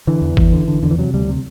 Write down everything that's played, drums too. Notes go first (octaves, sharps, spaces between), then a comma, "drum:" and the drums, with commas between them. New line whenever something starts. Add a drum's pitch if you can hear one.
D3 E3
E2
E2, drum: kick
D3
D3
E2 D3
E3
C3 F#3
D2 G3
C3